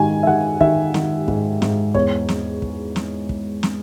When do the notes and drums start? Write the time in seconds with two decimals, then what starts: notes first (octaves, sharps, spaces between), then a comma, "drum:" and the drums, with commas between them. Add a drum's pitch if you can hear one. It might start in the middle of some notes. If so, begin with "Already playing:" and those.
Already playing: G#2 D#3 G#5
0.23 E5
0.27 D#3 F#5
0.61 D#3 E5, drum: kick
0.94 D#3, drum: snare
1.28 G#2, drum: kick
1.62 G#2, drum: snare
1.95 E2 C#5, drum: kick
2.29 drum: snare
2.62 drum: kick
2.96 drum: snare
3.29 drum: kick
3.63 drum: snare